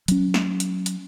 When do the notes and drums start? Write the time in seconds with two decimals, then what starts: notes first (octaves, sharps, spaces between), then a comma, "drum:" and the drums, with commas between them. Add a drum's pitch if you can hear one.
0.08 F#3 C#4, drum: hi-hat
0.34 drum: snare
0.60 drum: hi-hat
0.86 drum: hi-hat